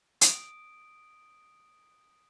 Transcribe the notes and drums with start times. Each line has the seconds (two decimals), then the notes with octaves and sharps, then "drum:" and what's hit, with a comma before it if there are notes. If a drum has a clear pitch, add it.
0.21 D#6 D7, drum: hi-hat